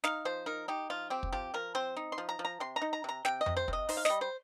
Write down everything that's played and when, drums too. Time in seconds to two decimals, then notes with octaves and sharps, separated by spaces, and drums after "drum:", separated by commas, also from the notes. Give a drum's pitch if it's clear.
0.04 D#4 F5, drum: snare
0.25 F3 C5
0.46 D#4 A#4
0.68 D#4 G4
0.90 F3 F4
1.10 C4 G4
1.23 drum: kick
1.33 F3 G4
1.54 F3 A#4
1.75 C4 C5
1.97 D#4
2.12 C6
2.18 F3
2.29 A#5
2.39 F3
2.45 A#5
2.60 C3 C6
2.76 A#5
2.82 D#4
2.93 A#5
3.04 C3 A#5
3.25 C3 G5, drum: snare
3.41 D#5
3.46 C3, drum: tom F2
3.57 C5
3.68 C3 D#5, drum: kick
3.89 D#4 C5, drum: open hi-hat
3.97 F5
4.05 G3 D#5, drum: snare
4.21 C5